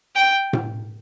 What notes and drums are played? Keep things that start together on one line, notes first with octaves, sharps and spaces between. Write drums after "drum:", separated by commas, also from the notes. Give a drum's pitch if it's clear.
G5
drum: tom A2